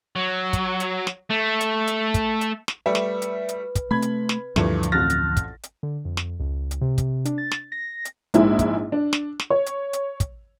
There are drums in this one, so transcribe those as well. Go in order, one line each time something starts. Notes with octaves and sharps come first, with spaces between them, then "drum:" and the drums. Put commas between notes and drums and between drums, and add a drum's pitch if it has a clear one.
F#3
drum: kick, hi-hat
drum: hi-hat
drum: snare
A3
drum: hi-hat
drum: hi-hat
drum: kick, hi-hat
drum: hi-hat
drum: snare
G3 A3 B4 E5
drum: snare
drum: hi-hat
drum: hi-hat
drum: kick, hi-hat
C3 A3 B5 G#6
drum: hi-hat
drum: snare
D2 G2 A#2 E3 F3 A3, drum: snare
drum: hi-hat
A1 F2 F4 F6 F#6 A6 A#6
drum: hi-hat
drum: kick, hi-hat
drum: hi-hat
D3
F2
drum: snare
C#2
drum: hi-hat
C3
drum: kick, hi-hat
D4, drum: hi-hat
A6
drum: snare
A#6
drum: hi-hat
A#1 G#2 G#3 D#4 E4, drum: hi-hat
drum: kick, hi-hat
D4
drum: snare
drum: snare
C#5
drum: hi-hat
drum: hi-hat
drum: kick, hi-hat